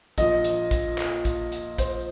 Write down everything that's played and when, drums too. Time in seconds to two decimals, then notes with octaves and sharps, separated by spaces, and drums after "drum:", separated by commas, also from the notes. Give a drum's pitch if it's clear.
0.18 A#1 A#2 F3 D#5, drum: kick, hi-hat
0.44 drum: hi-hat
0.71 drum: kick, hi-hat
0.98 drum: clap
1.25 drum: kick, hi-hat
1.52 drum: hi-hat
1.78 C5, drum: kick, hi-hat